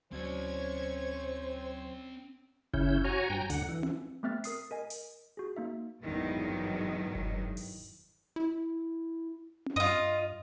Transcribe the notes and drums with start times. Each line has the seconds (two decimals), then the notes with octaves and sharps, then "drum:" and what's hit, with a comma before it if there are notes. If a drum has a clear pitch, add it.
0.12 D2 F#3 C4 C#4 C5 D5 C#6 G#6
2.74 C#3 C#4 E4 G6, drum: kick F#1
3.04 F#4 C#5 G#5 A#5
3.30 G2 G5 G#5 A#5
3.50 D2 D3 F#5, drum: hi-hat
3.69 E3
3.83 drum: tom C4
4.23 A3 B3 C4 E5 F6 A6
4.44 A#4 D#6 C7, drum: hi-hat
4.71 A#4 D#5 G#5
4.90 drum: hi-hat
5.37 F#4 G#4
5.56 A#3 D#4 E5
6.04 G#1 E2 G2 B2 D#3 F#3
7.15 drum: kick F#1
7.57 drum: open hi-hat
8.36 E4
9.66 drum: tom C4
9.76 G2 F4 D#5